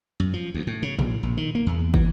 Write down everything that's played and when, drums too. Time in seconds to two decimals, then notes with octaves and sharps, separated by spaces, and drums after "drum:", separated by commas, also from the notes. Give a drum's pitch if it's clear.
0.20 F#2
0.33 F3
0.54 D2
0.67 A2
0.83 C#3
0.99 A#1, drum: tom A2
1.23 A#1
1.37 D#3
1.55 A#3
1.66 E2
1.94 E3, drum: kick